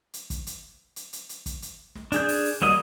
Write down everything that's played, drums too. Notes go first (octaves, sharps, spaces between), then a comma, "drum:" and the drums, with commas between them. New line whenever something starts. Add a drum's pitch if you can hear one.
drum: hi-hat
drum: kick, hi-hat
drum: hi-hat
drum: hi-hat
drum: hi-hat
drum: hi-hat
drum: kick, hi-hat
drum: hi-hat
drum: snare
D4 G#4 G6, drum: hi-hat
drum: open hi-hat
drum: open hi-hat
F#3 G3 A#3 D#5 D#6, drum: snare